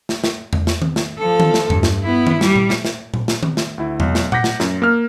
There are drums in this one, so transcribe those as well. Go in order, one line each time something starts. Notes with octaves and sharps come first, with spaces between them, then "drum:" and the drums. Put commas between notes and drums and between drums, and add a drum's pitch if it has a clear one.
drum: snare
drum: snare
drum: tom E2
drum: snare
drum: tom D#3
drum: snare
F3 A4
drum: tom D#3
drum: snare
G2, drum: tom E2
drum: snare
B3 E4
drum: tom D#3
G3, drum: snare
drum: tom A#2
drum: snare
drum: snare
drum: tom A#2
drum: snare
drum: tom D#3
drum: snare
D2 E4
B1, drum: tom E2
drum: snare
F#5 D6 G6 A#6 B6, drum: tom A#2
drum: snare
F#2, drum: snare
A#3 F6